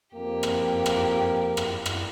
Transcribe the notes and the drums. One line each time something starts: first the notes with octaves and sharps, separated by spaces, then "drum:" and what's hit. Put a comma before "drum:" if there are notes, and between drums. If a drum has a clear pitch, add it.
F2 A#3 G4
drum: rim click
drum: rim click
drum: rim click
drum: rim click